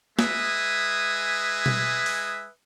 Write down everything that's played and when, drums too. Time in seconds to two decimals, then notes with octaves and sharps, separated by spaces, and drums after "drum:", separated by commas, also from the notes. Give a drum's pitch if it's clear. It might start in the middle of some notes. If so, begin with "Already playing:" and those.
0.19 G#3 B4 E5 G#5 D#6, drum: snare
1.66 drum: tom B2
2.06 drum: open hi-hat